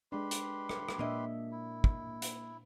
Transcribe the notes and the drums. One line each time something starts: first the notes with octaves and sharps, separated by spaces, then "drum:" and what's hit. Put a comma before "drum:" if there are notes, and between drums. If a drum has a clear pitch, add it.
G#3 D4 G4 B4 C6
drum: hi-hat
drum: rim click
drum: rim click
A#2 A#3 D4 D#5 E5
E4
drum: kick
drum: hi-hat